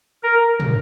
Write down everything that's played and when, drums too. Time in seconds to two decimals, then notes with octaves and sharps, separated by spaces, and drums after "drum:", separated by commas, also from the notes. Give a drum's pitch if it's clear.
0.23 A#4
0.60 drum: tom